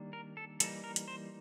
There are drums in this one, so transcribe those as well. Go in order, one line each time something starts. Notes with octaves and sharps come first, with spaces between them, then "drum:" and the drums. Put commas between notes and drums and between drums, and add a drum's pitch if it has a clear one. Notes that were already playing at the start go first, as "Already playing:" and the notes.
Already playing: D#3 G3 A#3 D4
A#4
A4
E3 G3 A#3 D#4 A4, drum: hi-hat
A#4
drum: hi-hat
C5